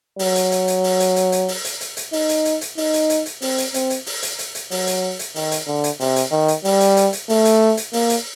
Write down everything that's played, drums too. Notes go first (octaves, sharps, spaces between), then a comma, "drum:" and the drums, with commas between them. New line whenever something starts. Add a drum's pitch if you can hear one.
F#3, drum: open hi-hat
drum: hi-hat
drum: hi-hat
drum: hi-hat
drum: open hi-hat
drum: hi-hat
drum: hi-hat
drum: hi-hat
drum: open hi-hat
drum: hi-hat
drum: hi-hat
drum: hi-hat
D#4, drum: open hi-hat
drum: hi-hat
drum: hi-hat
drum: hi-hat
D#4, drum: open hi-hat
drum: hi-hat
drum: hi-hat
drum: hi-hat
C4, drum: open hi-hat
drum: hi-hat
C4, drum: hi-hat
drum: hi-hat
drum: open hi-hat
drum: hi-hat
drum: hi-hat
drum: hi-hat
F#3, drum: open hi-hat
drum: hi-hat
drum: hi-hat
D#3, drum: open hi-hat
drum: hi-hat
D3
drum: hi-hat
C3, drum: open hi-hat
drum: hi-hat
D#3
drum: hi-hat
G3, drum: open hi-hat
drum: hi-hat
drum: hi-hat
drum: hi-hat
A3, drum: open hi-hat
drum: hi-hat
drum: hi-hat
A#3, drum: open hi-hat
drum: hi-hat